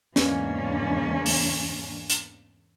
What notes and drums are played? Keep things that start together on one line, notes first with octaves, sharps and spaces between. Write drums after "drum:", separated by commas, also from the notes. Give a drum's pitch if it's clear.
E2 G#2 C#3 A#3 C#4 D4, drum: snare
drum: open hi-hat
drum: hi-hat